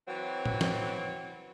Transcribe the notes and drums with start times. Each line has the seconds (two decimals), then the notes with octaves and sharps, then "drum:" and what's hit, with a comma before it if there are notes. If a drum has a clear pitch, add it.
0.07 E3 F#3 C4
0.45 drum: tom A2
0.61 drum: snare